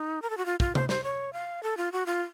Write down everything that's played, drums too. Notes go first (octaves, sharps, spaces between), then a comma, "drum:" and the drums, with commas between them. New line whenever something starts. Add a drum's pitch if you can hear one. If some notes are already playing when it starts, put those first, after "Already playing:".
Already playing: D#4
A#4
A4
F#4
F4
F4, drum: kick
C5, drum: tom C3
C5, drum: snare
C#5
F5
A4
F4
F#4
F4